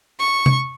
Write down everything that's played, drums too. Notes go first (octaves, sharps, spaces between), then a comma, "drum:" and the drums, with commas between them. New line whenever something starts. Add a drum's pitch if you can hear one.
C#6
drum: tom C3